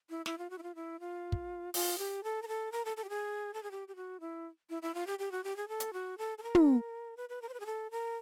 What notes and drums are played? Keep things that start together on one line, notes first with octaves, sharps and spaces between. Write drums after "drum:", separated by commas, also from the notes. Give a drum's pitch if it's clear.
E4
E4, drum: snare
F4
F#4
E4
F4
E4
F4
drum: kick
F4, drum: open hi-hat
G4
A4
A#4
A4
A#4
A4
A4
G4
G#4
A4
G#4
G4
G4
F#4
E4
E4
E4
F4
G4
G4
F#4
G4
G#4
A4
drum: hi-hat
F#4
A4
A4
A#4
drum: tom
B4
B4
A#4
C5
B4
G#4
A4
A#4